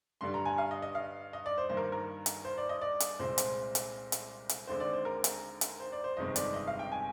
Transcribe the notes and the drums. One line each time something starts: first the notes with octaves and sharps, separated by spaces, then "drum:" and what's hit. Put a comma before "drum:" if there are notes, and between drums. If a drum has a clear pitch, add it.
G2 D3 G3 C6
A#5
G#5
F5
D#5
D#5
F5
D#5
D5
C5
G2 D#3 A#3 C5
A#4
A#4
drum: hi-hat
C5
D5
D#5
D5
drum: hi-hat
C2 A#2 G#3 C4 C5
drum: hi-hat
drum: hi-hat
drum: hi-hat
drum: hi-hat
D#2 D3 G#3 C4 C5
D5
C5
A#4
drum: hi-hat
drum: hi-hat
C5
D5
C5
G1 F2 C3 D#3 G#3 D#5
D5, drum: hi-hat
D#5
F5
G5
G#5